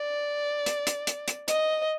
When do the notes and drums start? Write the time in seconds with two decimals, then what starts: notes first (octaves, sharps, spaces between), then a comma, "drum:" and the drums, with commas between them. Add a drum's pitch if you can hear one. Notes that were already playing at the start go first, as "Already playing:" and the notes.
Already playing: D5
0.66 drum: hi-hat
0.87 drum: hi-hat
1.07 drum: hi-hat
1.28 drum: hi-hat
1.48 D#5, drum: hi-hat